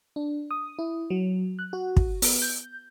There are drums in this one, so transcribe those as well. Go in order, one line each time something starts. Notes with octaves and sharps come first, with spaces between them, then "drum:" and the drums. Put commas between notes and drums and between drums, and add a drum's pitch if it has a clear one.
D4
D#6
E4
F#3
F#6
F#4
drum: kick
B3, drum: open hi-hat
G6